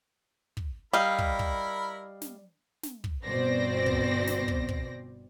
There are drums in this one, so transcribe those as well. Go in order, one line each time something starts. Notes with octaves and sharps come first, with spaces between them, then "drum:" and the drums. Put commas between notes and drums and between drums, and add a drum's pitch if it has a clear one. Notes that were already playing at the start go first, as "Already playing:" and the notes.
drum: kick
G3 E4 A#4 D#5 F5 B5
drum: kick
drum: kick
drum: snare
drum: snare
drum: kick
G1 B2 C4 C5 D5 A#6
drum: kick
drum: snare
drum: kick
drum: kick